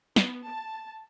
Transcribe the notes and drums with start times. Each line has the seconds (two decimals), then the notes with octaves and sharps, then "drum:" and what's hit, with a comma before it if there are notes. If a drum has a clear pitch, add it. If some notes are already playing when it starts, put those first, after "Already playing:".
0.16 B3, drum: snare
0.46 A5